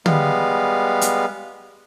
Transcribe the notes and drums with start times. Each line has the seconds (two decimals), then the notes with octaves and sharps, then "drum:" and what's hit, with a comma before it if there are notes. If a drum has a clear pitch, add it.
0.06 G3 G#3 B3 F5, drum: tom
1.01 drum: hi-hat